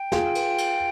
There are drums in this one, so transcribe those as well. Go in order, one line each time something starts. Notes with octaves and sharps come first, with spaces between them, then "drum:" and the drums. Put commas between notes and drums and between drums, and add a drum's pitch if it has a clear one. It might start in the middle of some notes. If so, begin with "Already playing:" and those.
Already playing: G5
F4 G#4, drum: snare
drum: cymbal
drum: cymbal